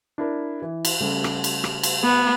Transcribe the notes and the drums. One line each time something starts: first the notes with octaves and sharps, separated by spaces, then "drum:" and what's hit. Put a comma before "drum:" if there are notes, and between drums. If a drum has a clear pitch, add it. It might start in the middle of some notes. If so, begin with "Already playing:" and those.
D4 E4 A#4
E3
drum: cymbal
C#3 G3 A3
drum: rim click
drum: cymbal
drum: rim click
drum: cymbal
B3